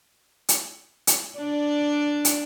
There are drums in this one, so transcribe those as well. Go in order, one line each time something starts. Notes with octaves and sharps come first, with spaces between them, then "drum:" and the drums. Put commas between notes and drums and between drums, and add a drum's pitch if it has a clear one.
drum: hi-hat
drum: hi-hat
D4 D5
drum: hi-hat